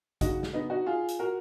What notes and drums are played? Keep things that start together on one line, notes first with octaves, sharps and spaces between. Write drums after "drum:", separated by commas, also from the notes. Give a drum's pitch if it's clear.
C#3 F#3 D#4 F#4, drum: kick A1, hi-hat
drum: snare
B3 D#4
D#4 F#4
F4 G#4
drum: hi-hat
F#4 A#4